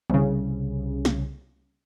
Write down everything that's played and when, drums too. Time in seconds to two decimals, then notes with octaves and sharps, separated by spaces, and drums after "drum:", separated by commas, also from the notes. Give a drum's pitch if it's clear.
0.10 C2 C#3, drum: tom D3
1.05 drum: snare